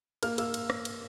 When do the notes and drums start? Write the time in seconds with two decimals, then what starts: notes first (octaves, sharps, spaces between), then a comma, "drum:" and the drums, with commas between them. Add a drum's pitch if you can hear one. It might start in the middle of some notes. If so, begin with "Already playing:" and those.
0.23 A#3 F6, drum: cymbal
0.38 A#3 E6, drum: cymbal
0.54 drum: cymbal
0.70 drum: rim click
0.85 drum: cymbal